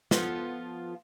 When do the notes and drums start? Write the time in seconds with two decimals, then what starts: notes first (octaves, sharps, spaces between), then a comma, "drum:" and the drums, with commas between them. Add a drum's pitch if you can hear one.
0.11 F3 B3 F4 A4, drum: snare